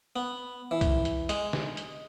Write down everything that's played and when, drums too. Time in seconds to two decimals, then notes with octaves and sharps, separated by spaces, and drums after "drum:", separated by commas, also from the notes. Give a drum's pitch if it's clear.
0.16 B3
0.71 E3
0.81 drum: kick B1, hi-hat
1.05 drum: hi-hat
1.29 G#3, drum: hi-hat
1.53 drum: snare
1.77 drum: hi-hat